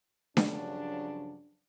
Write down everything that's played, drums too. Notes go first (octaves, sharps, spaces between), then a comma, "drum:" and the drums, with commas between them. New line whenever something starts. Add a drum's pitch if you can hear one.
G2 C#3 F3 F#3 D4, drum: snare D4